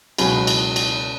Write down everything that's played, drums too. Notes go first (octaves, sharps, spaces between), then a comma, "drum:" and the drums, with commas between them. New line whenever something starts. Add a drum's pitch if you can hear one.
C#2 B2 F#3 C#4 B5, drum: cymbal
drum: cymbal
drum: cymbal